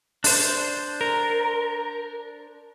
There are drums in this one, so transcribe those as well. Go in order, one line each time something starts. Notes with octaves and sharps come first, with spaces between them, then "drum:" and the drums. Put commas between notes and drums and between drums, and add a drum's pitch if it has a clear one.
D4 C5, drum: open hi-hat
A#4